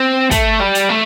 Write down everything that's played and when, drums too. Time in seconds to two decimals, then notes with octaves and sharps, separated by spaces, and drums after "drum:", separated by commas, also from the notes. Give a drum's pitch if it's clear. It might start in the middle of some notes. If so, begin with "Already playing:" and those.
Already playing: C4
0.31 A3, drum: kick, hi-hat
0.60 G3
0.75 drum: hi-hat
0.89 A3